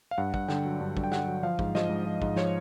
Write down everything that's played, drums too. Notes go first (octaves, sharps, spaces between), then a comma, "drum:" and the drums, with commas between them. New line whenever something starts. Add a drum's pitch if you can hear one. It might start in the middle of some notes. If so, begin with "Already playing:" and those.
F5
G2 F#5
G2 F#5, drum: kick
D3 G5, drum: snare
F#3
G2
G2, drum: kick
G5
D3 F#5, drum: snare
F#3
F3 F5
G#2, drum: kick
F3 D#5, drum: snare
G#2
F3
G#2, drum: kick
F3 C#5, drum: snare